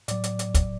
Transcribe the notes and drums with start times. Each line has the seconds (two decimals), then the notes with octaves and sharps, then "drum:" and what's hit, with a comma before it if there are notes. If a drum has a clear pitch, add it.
0.08 A2 F#3 D5, drum: hi-hat
0.24 drum: hi-hat
0.39 drum: hi-hat
0.55 drum: kick, hi-hat